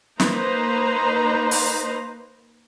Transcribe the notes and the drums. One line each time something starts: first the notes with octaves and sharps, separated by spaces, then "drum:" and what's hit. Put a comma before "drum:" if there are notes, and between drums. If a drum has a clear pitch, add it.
A#3 D#4 B4 C5 A#5, drum: snare
drum: open hi-hat